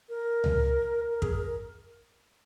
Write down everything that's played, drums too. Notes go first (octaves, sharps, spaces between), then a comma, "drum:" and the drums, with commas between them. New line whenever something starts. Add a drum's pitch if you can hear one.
A#4
drum: tom C#2
A#4
G#4, drum: kick
A#4